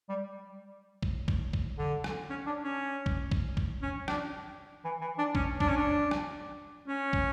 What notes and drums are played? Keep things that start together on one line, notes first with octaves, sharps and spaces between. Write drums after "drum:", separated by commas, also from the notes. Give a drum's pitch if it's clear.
G3
drum: kick
drum: kick
drum: kick
D3
drum: rim click
C#4
D4
C#4
drum: kick
drum: kick
drum: kick
C#4
D4, drum: rim click
E3
E3
D4
C#4, drum: kick
D4, drum: kick
C#4
D4
drum: rim click
C#4
drum: kick